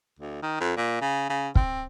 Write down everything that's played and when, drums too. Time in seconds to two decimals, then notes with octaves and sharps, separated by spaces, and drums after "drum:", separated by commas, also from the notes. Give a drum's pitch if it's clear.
0.19 D2
0.43 D#3
0.61 F2
0.77 A#2
1.01 C#3
1.30 C#3
1.55 C4, drum: kick